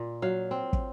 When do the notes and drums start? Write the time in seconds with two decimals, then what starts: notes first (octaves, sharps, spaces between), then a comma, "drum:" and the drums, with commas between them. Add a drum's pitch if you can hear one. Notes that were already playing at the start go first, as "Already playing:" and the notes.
Already playing: A#2
0.22 F#3 F5
0.51 C4
0.73 drum: kick